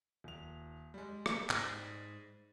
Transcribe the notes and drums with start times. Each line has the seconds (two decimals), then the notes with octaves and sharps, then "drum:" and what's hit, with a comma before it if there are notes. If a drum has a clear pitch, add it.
0.24 D#1 F7
0.94 G3 G#3
1.26 drum: rim click
1.50 G#2, drum: clap